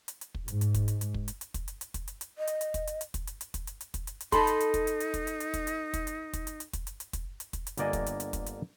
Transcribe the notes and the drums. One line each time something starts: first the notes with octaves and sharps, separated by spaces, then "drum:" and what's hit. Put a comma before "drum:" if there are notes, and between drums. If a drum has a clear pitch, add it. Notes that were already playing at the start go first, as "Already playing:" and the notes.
drum: hi-hat
drum: hi-hat
drum: kick
G#2, drum: hi-hat
drum: hi-hat
drum: kick, hi-hat
drum: hi-hat
drum: hi-hat
drum: kick
drum: hi-hat
drum: hi-hat
drum: kick, hi-hat
drum: hi-hat
drum: hi-hat
drum: kick, hi-hat
drum: hi-hat
drum: hi-hat
D#5
drum: hi-hat
drum: hi-hat
drum: kick, hi-hat
drum: hi-hat
drum: hi-hat
drum: kick, hi-hat
drum: hi-hat
drum: hi-hat
drum: kick, hi-hat
drum: hi-hat
drum: hi-hat
drum: kick, hi-hat
drum: hi-hat
drum: hi-hat
D#4 A4 A5 B5 C6, drum: kick, hi-hat
drum: hi-hat
drum: hi-hat
drum: kick, hi-hat
drum: hi-hat
drum: hi-hat
drum: kick, hi-hat
drum: hi-hat
drum: hi-hat
drum: kick, hi-hat
drum: hi-hat
drum: kick, hi-hat
drum: hi-hat
drum: kick, hi-hat
drum: hi-hat
drum: hi-hat
drum: kick, hi-hat
drum: hi-hat
drum: hi-hat
drum: kick, hi-hat
drum: hi-hat
drum: kick, hi-hat
drum: hi-hat
G1 D3 A#3 D5 D#5 G#5, drum: hi-hat
drum: kick, hi-hat
drum: hi-hat
drum: hi-hat
drum: kick, hi-hat
drum: hi-hat